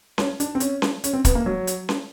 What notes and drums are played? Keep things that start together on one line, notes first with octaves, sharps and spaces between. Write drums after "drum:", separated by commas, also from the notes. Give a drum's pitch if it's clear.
C#4, drum: snare C#4
D4, drum: hi-hat
C4
C#4, drum: hi-hat
drum: snare C#4
C#4, drum: hi-hat
C4
B3, drum: kick, hi-hat
A#3
F#3
drum: hi-hat
drum: snare C#4